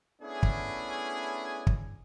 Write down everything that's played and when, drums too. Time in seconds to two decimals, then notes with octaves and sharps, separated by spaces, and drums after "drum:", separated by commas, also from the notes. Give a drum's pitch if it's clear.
0.22 A3 B3 C#4 D4 E4 G#4
0.43 drum: kick
1.67 drum: kick